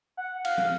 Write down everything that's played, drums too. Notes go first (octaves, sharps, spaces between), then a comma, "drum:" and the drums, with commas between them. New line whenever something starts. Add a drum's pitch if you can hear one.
F#5
F5, drum: cymbal
drum: tom